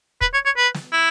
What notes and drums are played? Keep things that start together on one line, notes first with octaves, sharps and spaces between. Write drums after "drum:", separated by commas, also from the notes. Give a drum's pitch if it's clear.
B4, drum: kick
C#5
C#5
B4
drum: snare
E4